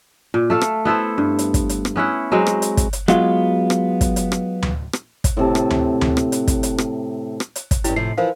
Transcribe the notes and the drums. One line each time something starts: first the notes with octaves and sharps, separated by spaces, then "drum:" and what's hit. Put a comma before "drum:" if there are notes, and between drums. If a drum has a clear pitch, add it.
A#2
A3 A4 F5
drum: rim click
B3 E4 A4 C5
G2
drum: hi-hat
drum: kick, hi-hat
drum: hi-hat
drum: rim click
B3 C#4 E4 F#5
F#3 G#3 C4
drum: rim click
drum: hi-hat
drum: kick, hi-hat
drum: hi-hat
F#3 G#3 B3 F4, drum: rim click
drum: rim click
drum: kick, hi-hat
drum: hi-hat
drum: rim click
drum: tom D2
drum: rim click
drum: kick, hi-hat
A2 C3 A5
drum: rim click
drum: tom D2
drum: tom D2
drum: rim click
drum: hi-hat
drum: kick, hi-hat
drum: hi-hat
drum: rim click
drum: rim click
drum: hi-hat
drum: kick, hi-hat
G2 C#4 E4 G4, drum: hi-hat
A2 C3 F3 C7
E3 F3 E4 A#4 C5 F5